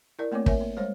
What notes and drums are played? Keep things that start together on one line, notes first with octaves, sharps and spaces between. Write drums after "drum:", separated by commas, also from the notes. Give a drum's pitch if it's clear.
E4 A#4 D5
A3 A#3 C4 C#5 D6
A#4 C#5 E5 G#5, drum: kick
A#3
G3 G#3 C5 C#5